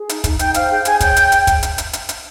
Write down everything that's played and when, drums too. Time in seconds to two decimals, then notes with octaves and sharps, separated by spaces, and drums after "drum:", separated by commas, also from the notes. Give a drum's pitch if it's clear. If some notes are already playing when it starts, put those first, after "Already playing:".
Already playing: G#4
0.09 D#4, drum: hi-hat
0.24 D#4, drum: kick, hi-hat
0.39 D#4 G5 G6, drum: hi-hat
0.54 C5 F5 F6, drum: hi-hat
0.70 G#4 G5 G6
0.85 G#4 G#5 G#6, drum: hi-hat
1.00 C#5 G5 G6, drum: kick, hi-hat
1.16 drum: hi-hat
1.32 drum: hi-hat
1.47 drum: kick, hi-hat
1.63 drum: hi-hat
1.78 drum: hi-hat
1.93 drum: hi-hat
2.09 drum: hi-hat